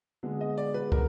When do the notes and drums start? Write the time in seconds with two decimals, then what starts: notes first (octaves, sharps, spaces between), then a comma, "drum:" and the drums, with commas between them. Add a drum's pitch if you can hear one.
0.23 D3 G#3 B3
0.41 D#5
0.58 D5
0.74 B4
0.92 A#4, drum: kick